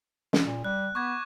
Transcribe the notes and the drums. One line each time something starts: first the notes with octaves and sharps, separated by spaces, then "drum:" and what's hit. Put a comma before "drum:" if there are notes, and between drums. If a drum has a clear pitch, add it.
drum: snare
A#2
G3 F#6
B3 C#6 D6 G#6